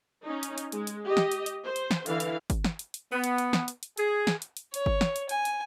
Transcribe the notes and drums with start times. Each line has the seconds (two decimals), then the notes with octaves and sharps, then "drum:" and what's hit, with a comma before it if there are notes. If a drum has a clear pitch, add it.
0.24 C#4 D#4
0.43 drum: hi-hat
0.58 drum: hi-hat
0.72 G#3, drum: hi-hat
0.87 drum: hi-hat
1.05 G4 D#5
1.17 drum: snare
1.32 drum: hi-hat
1.46 drum: hi-hat
1.65 C5
1.76 drum: hi-hat
1.91 drum: snare
2.06 D3 E3 F5, drum: hi-hat
2.20 drum: hi-hat
2.50 drum: kick G1, hi-hat
2.65 drum: snare
2.79 drum: hi-hat
2.94 drum: hi-hat
3.12 B3
3.24 drum: hi-hat
3.38 drum: hi-hat
3.53 drum: snare
3.68 drum: hi-hat
3.83 drum: hi-hat
3.97 G#4, drum: hi-hat
4.27 drum: snare
4.42 drum: hi-hat
4.57 drum: hi-hat
4.74 C#5, drum: hi-hat
4.86 drum: kick G1
5.01 drum: snare
5.16 drum: hi-hat
5.29 G#5, drum: hi-hat
5.45 drum: hi-hat